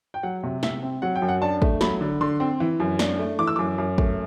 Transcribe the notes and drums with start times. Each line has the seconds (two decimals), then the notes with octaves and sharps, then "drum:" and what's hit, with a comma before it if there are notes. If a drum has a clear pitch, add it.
0.14 G5
0.23 F#3 F#5
0.43 C3
0.63 C3 E5, drum: snare
0.83 C4
1.02 F#3 F#5
1.16 G5
1.22 F#2
1.28 F#5
1.42 D4 A5
1.62 A3, drum: kick
1.81 F#3 B5, drum: snare
2.01 D3
2.21 D3 C6
2.40 C4
2.60 E3
2.80 F#2
2.99 D4, drum: snare
3.19 A3
3.39 E3 D6
3.47 E6
3.56 F#2 D6
3.78 F#2
3.98 A3, drum: kick